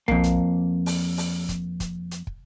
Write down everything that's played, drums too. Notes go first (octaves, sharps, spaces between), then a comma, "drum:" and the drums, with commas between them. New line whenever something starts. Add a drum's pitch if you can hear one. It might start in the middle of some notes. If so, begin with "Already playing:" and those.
F2 A#3, drum: tom B1
drum: hi-hat
drum: open hi-hat
drum: open hi-hat
drum: kick, hi-hat
drum: kick, hi-hat
drum: hi-hat
drum: kick